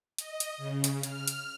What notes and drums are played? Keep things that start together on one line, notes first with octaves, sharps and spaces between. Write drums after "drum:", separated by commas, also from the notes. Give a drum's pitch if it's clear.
D#5, drum: hi-hat
drum: hi-hat
C#3
drum: hi-hat
F6, drum: hi-hat
drum: hi-hat